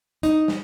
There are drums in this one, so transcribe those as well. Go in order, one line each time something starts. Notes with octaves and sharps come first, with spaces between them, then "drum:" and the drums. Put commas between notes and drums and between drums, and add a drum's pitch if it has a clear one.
D#4, drum: hi-hat
drum: snare